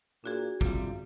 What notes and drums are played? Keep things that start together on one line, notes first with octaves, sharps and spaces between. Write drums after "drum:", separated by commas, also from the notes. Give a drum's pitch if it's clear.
A#2 D4 F#4 G#4
C3 G3 F4, drum: kick